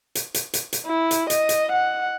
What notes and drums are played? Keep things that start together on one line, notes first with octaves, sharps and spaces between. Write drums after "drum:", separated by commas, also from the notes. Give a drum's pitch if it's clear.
drum: hi-hat
drum: hi-hat
drum: hi-hat
drum: hi-hat
E4
drum: hi-hat
D#5, drum: hi-hat
drum: hi-hat
F#5